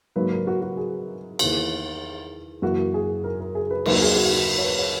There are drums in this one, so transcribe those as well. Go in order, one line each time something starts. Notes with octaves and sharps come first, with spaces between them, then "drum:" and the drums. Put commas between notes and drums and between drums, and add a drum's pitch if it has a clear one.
G#2 F#3 A#3 B4
A#4
F#4
F#4
G#4
E2 D#3 A#3, drum: cymbal
F#2 E3 A#3 F#4
G#4
A#4
A#4
G#4
B4
D#2 D#3 F#3 A#3 B4, drum: cymbal
A#4
G#4
F#4
F#4
A#4
C#5
B4
C#5